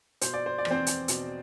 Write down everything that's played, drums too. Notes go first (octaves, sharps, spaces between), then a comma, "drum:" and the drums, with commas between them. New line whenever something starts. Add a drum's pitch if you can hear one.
B2 C5, drum: hi-hat
D5
C5
D5
E2, drum: rim click
C4 C5
drum: hi-hat
B2, drum: hi-hat